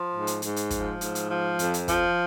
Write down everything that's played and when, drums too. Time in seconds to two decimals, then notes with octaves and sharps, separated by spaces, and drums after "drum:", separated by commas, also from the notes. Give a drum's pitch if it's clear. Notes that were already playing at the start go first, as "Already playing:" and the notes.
Already playing: F3
0.13 G#2
0.27 drum: hi-hat
0.42 G#2, drum: hi-hat
0.56 drum: hi-hat
0.70 F3, drum: kick, hi-hat
1.01 G#2, drum: hi-hat
1.15 drum: hi-hat
1.30 F3
1.59 F2, drum: hi-hat
1.74 drum: hi-hat
1.88 F3, drum: kick, hi-hat